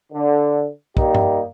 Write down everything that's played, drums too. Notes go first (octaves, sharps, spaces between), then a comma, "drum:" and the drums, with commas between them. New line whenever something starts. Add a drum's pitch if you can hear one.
D3
G3 A#3 D#4 G4, drum: kick
drum: tom G2